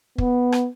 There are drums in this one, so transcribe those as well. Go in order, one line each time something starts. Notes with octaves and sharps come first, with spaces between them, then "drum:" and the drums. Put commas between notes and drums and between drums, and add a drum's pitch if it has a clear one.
B3, drum: kick
drum: rim click